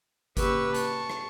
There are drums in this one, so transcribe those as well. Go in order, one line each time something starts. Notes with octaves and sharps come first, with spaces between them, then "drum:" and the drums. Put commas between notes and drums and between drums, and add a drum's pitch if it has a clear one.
C#3 A#3 G4 B4 C#6 E6, drum: kick G1, hi-hat
A5 C#6, drum: hi-hat
drum: rim click